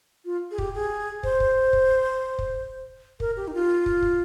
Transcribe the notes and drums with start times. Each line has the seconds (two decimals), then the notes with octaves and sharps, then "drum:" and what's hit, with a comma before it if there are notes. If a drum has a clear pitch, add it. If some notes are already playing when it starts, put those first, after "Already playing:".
0.25 F4
0.51 G#4
0.58 G4, drum: kick
0.74 G#4
1.23 C5, drum: kick
1.40 drum: kick
1.73 drum: kick
2.39 drum: kick
3.20 A#4, drum: kick
3.36 G4
3.47 D#4
3.54 F4
3.86 drum: kick
4.02 drum: kick